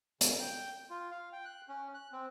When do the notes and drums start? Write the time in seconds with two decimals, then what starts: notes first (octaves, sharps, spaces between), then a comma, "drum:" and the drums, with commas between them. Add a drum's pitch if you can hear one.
0.21 C#3, drum: hi-hat
0.40 G5
0.90 F4
1.11 F5
1.32 G5
1.45 F#6
1.69 C#4
1.94 F#6
2.12 C4